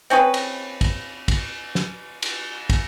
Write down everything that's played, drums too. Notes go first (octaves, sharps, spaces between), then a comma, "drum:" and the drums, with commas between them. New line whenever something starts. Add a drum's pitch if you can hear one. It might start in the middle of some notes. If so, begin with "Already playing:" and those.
C4 C#4 G#4 B4
drum: cymbal
drum: kick, cymbal
drum: kick, cymbal
drum: snare
drum: cymbal
drum: kick, cymbal